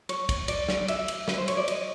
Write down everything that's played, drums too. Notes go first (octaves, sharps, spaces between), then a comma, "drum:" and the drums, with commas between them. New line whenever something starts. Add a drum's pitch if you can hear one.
C#5, drum: cymbal
drum: kick, cymbal
D5, drum: cymbal
drum: snare
E5, drum: cymbal
drum: cymbal
B4, drum: snare
C5
C#5, drum: cymbal
D5
D#5, drum: cymbal